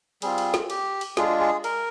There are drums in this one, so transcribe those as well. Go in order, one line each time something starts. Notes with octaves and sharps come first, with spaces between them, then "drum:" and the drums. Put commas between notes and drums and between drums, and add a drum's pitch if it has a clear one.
G3 C4 F4 G#4, drum: cymbal
drum: cymbal
drum: snare
G4, drum: cymbal
drum: cymbal
G#3 D4 F4 G#4, drum: snare
G#4
A#4, drum: cymbal